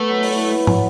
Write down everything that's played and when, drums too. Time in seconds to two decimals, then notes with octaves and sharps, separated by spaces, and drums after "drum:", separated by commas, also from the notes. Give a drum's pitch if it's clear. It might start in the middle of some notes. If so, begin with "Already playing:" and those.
Already playing: A3 B3 B4
0.09 F#3
0.23 E4, drum: open hi-hat
0.38 B4
0.53 B3
0.67 F#3, drum: tom